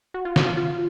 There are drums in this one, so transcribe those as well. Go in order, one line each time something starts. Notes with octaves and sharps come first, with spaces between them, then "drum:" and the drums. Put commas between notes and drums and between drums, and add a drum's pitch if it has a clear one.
F#4
F4
F#4, drum: snare
F4
F4